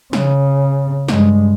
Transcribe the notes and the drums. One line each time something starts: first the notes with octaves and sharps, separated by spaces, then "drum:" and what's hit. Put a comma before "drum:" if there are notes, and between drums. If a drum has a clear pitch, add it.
C#3, drum: snare
G2 G#3, drum: snare